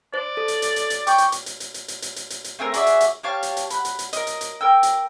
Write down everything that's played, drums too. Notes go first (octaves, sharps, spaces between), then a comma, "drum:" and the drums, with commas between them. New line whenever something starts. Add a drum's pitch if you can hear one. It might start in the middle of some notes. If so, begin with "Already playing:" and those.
C5 D5
A4
drum: hi-hat
drum: hi-hat
drum: hi-hat
drum: hi-hat
G5 C#6 D6, drum: hi-hat
drum: hi-hat
drum: hi-hat
drum: hi-hat
drum: hi-hat
drum: hi-hat
drum: hi-hat
drum: hi-hat
drum: hi-hat
drum: hi-hat
drum: hi-hat
A3 C4 G#4 A#4
F#4 G#4 D5 E5, drum: hi-hat
drum: hi-hat
drum: hi-hat
G4 C#5 F5 A5
drum: hi-hat
drum: hi-hat
F#5 B5, drum: hi-hat
drum: hi-hat
drum: hi-hat
A#4 D#5, drum: hi-hat
drum: hi-hat
drum: hi-hat
A#4 G5 E6
drum: hi-hat